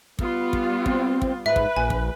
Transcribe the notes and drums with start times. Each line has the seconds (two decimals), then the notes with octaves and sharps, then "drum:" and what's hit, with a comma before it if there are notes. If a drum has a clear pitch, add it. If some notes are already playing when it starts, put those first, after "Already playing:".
0.19 G3 B3 F4, drum: kick
0.53 drum: kick
0.86 C4, drum: kick
1.22 drum: kick
1.46 G#2 B4 E5
1.56 drum: kick
1.76 A#1 G#5
1.90 drum: kick